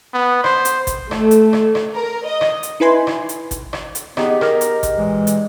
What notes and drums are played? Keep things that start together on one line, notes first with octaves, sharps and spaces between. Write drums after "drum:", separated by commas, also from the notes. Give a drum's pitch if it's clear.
B3
C5, drum: rim click
drum: hi-hat
drum: kick, hi-hat
A3, drum: rim click
drum: hi-hat
drum: rim click
drum: rim click
A#4
D#5
drum: rim click
drum: hi-hat
D#4 E4 B4 G#5 C6
drum: rim click
drum: hi-hat
drum: kick, hi-hat
drum: rim click
drum: hi-hat
B3 D#4 G4 G#4, drum: rim click
A#4, drum: rim click
drum: hi-hat
drum: kick, hi-hat
A#2 E3 G#3
drum: hi-hat